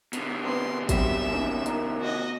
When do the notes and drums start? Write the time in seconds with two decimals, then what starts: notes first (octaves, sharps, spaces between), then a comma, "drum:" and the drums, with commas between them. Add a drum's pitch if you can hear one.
0.13 B2 D3, drum: hi-hat
0.45 C4 D4 B4 C6
0.89 F#3 G3 C4 E5 E7, drum: kick, hi-hat
1.32 A#3 C#4 D#4
1.66 D#4 A#4, drum: hi-hat
2.01 F#4 D#5